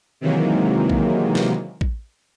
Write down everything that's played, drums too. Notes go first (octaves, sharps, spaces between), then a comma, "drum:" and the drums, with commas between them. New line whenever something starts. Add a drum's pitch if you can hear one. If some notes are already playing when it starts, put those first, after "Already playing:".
C3 D#3 E3 F#3 G#3 A#3
drum: kick A1
drum: snare
drum: kick A1